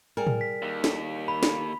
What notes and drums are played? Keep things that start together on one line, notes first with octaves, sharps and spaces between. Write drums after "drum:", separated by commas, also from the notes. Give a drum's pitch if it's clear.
G3 G#4 A#4
drum: tom A2
B6
D#2
drum: snare
B5
drum: snare